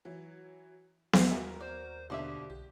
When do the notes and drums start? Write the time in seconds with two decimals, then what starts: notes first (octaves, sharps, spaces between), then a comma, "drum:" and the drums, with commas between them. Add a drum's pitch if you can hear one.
0.05 E3 F#3
1.13 D#2 E3, drum: snare B3
1.31 F#4 G#4 A#4 E5
1.61 C5 D5
2.10 B2 D3 A#3 G4 C5 D5 E5
2.50 B1 G4